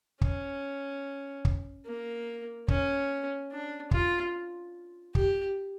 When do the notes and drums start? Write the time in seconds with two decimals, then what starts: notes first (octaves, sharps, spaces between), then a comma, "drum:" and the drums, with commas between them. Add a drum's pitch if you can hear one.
0.21 C#4, drum: kick
1.45 drum: kick
1.86 A#3
2.68 C#4, drum: kick
3.51 D4
3.91 F4, drum: kick
5.15 G4, drum: kick